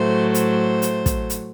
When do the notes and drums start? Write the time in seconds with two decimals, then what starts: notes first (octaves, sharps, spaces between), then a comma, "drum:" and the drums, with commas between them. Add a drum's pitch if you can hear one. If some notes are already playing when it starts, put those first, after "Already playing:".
Already playing: A2 F#3 A3 C5
0.34 C5, drum: hi-hat
0.82 drum: hi-hat
1.06 drum: kick, hi-hat
1.30 drum: hi-hat